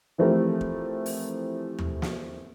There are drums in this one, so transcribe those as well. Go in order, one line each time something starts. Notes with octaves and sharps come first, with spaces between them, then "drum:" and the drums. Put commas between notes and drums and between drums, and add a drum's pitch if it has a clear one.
E3 F3 A3 C4 G4 A#4
drum: kick
drum: open hi-hat
drum: tom D#2
drum: snare